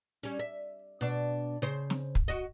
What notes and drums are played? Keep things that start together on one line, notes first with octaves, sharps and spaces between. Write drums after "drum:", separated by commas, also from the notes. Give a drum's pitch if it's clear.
G3 C#4
E5
B2 D4
C#3 C5
drum: snare
drum: kick
F#4 D#5